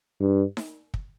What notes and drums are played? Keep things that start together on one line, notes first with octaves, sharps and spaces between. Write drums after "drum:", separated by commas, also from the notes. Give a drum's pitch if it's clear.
G2
drum: snare D#4
drum: kick